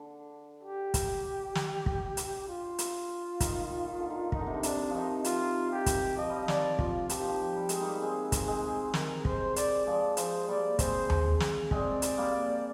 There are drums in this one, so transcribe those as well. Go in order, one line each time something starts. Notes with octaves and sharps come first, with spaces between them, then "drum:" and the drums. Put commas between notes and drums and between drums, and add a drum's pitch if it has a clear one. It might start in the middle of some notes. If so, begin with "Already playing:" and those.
Already playing: D3
G4
drum: kick, hi-hat
drum: snare
drum: kick
drum: hi-hat
F4
drum: hi-hat
D#3, drum: kick, hi-hat
D#3
D3
D#3
D#3 D#4, drum: kick
D3
C3
D3
C3 D4, drum: hi-hat
D#3 F3 D#4
F4, drum: hi-hat
G4
drum: kick, hi-hat
F3 D#5
G3
F3
D5, drum: snare
F4, drum: kick
F3 G4, drum: hi-hat
D#3
F3
G3
G#3, drum: hi-hat
D#3 G3
G#3 C4 G#4
G#4, drum: kick, hi-hat
G#3 C4
G#4
A#4, drum: snare
C5, drum: kick
D5, drum: hi-hat
F3 G#3 D5
F3 G#3 C5, drum: hi-hat
G3 A#3 D5
G#3 C4 C5, drum: kick, hi-hat
drum: tom D#2
drum: snare
G#3 C4 D5, drum: kick
drum: hi-hat
G3 A#3